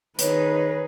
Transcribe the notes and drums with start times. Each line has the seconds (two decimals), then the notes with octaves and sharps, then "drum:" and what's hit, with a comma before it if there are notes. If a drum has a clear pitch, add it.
0.19 D#3 D#4 G#4 B4 C#5, drum: hi-hat